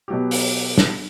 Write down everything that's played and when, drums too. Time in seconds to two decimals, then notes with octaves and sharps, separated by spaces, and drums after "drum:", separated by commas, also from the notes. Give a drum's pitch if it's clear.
0.08 B2 F#3 G4
0.31 drum: open hi-hat
0.78 drum: snare